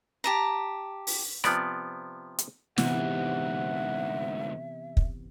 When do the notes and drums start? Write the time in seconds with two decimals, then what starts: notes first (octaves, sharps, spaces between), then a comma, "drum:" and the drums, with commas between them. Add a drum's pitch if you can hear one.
0.24 G4 A5 A#5
1.07 drum: open hi-hat
1.44 C3 F3 B3 D5, drum: rim click
2.39 drum: hi-hat
2.78 D2 G#2 C3 E3 B3 E5 F#5, drum: snare
4.97 drum: kick